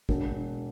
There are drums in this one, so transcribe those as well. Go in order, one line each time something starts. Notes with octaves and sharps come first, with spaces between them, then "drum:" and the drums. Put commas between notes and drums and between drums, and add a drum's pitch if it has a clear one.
E1, drum: kick